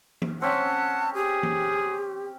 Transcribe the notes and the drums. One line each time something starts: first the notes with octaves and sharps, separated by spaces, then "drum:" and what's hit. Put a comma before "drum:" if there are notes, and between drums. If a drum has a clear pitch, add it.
drum: tom
C4 C#4 F#5 A5
G4 G#4
drum: tom